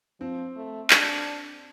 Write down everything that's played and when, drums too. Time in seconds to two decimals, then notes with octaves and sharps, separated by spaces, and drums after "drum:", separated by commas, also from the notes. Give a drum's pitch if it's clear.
0.20 F3 C4
0.56 A3
0.90 D4, drum: clap